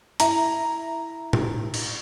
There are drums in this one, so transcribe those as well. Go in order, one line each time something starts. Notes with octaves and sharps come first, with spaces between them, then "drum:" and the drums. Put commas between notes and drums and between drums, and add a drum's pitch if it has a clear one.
E4 A#5, drum: hi-hat
drum: tom A2
drum: cymbal